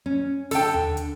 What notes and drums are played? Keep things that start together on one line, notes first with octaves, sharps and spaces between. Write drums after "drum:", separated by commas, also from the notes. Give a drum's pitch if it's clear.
C#4
D3 A4 G5, drum: open hi-hat
drum: tom D#2
drum: hi-hat